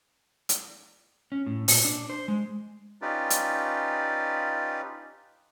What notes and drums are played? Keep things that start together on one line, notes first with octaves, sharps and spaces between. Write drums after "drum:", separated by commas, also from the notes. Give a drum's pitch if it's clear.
drum: hi-hat
C#4
A2
A#2, drum: open hi-hat
D4
C5
G#3
C#4 D#4 F4 G4 B4 D5
drum: hi-hat